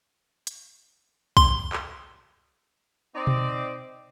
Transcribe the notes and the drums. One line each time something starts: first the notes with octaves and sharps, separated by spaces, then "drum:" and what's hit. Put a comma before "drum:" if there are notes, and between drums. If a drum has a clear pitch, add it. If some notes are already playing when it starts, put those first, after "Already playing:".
drum: hi-hat
C6, drum: kick
drum: clap
C4 D#4 D5
drum: tom B2